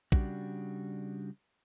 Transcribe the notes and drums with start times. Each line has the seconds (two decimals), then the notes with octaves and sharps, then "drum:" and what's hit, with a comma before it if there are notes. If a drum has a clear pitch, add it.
0.12 C#3 G3 D4 F#4, drum: kick